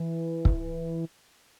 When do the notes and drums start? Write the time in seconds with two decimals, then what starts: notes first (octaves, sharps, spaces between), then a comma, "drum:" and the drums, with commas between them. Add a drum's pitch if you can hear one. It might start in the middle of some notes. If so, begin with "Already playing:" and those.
Already playing: E3
0.45 drum: kick